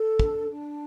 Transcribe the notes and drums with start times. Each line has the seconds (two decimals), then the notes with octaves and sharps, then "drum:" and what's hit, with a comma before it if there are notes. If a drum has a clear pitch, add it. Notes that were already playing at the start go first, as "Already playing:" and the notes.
Already playing: A4
0.20 D4, drum: kick
0.49 D4